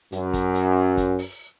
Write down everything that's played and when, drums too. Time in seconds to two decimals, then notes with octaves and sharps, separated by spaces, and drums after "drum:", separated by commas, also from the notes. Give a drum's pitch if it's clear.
0.12 F#2, drum: hi-hat
0.34 drum: kick, hi-hat
0.55 drum: hi-hat
0.97 drum: kick, hi-hat
1.19 drum: open hi-hat